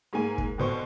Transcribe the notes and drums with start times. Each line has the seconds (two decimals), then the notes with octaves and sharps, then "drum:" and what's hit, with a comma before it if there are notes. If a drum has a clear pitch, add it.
0.13 G#2 G#3 A#3 G#5
0.38 drum: kick
0.58 F1 B2 C5 C#6